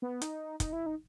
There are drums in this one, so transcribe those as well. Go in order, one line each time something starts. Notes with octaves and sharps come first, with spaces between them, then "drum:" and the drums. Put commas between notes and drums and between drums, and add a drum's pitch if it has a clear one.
B3
D#4, drum: hi-hat
D#4, drum: kick, hi-hat
E4
D#4